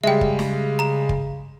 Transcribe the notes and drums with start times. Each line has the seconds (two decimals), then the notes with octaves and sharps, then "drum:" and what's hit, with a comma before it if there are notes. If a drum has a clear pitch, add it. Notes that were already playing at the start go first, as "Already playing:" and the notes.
0.04 C#3 G3 G#3 E5 G5
0.21 drum: kick
0.39 drum: snare
0.79 A#5 E7
1.09 drum: kick